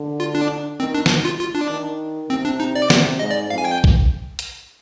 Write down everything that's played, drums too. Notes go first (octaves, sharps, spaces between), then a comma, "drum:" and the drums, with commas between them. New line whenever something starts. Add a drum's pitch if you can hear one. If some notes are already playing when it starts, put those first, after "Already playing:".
Already playing: D3
F4
D4
D#3 C4
D4
drum: snare
F4
F4
D4
D#3
C3 C4
D4
D#4
D5
C3, drum: snare
G#2 D#5
D5
F2 F5
G#5
G5
drum: kick
drum: hi-hat